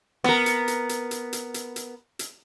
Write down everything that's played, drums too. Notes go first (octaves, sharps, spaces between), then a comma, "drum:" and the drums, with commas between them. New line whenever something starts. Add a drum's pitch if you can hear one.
B3 A#4, drum: rim click
drum: hi-hat
drum: hi-hat
drum: hi-hat
drum: hi-hat
drum: hi-hat
drum: hi-hat
drum: hi-hat
drum: hi-hat